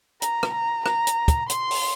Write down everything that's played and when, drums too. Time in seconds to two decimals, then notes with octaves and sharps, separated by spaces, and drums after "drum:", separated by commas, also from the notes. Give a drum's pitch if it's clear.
0.22 A#5, drum: hi-hat
0.43 drum: rim click
0.54 A#5
0.86 A#5, drum: rim click
1.07 drum: hi-hat
1.28 drum: kick, hi-hat
1.49 C6, drum: hi-hat
1.71 drum: open hi-hat